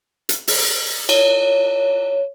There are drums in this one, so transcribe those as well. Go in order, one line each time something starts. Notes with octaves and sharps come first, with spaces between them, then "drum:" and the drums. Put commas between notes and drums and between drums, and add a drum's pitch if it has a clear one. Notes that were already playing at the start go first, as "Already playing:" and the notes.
drum: hi-hat
drum: open hi-hat
C#5, drum: cymbal